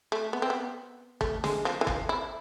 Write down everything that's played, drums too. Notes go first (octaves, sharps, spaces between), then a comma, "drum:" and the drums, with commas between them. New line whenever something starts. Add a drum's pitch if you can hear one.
A3
B3
C4
B3
A3, drum: kick
G#3, drum: snare
F3
E3
F3, drum: kick
E4